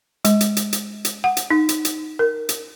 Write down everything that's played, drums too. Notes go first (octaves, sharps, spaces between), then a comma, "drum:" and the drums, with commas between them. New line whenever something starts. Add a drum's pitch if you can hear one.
G#3, drum: hi-hat
drum: hi-hat
drum: hi-hat
drum: hi-hat
drum: hi-hat
F#5
drum: hi-hat
D#4
drum: hi-hat
drum: hi-hat
A#4
drum: hi-hat